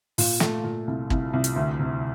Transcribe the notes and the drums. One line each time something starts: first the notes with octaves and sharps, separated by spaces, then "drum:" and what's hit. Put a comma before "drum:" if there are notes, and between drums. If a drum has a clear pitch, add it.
A#2, drum: open hi-hat
A3, drum: snare
A#2
C2
C2, drum: kick
C2
drum: hi-hat
D2
C3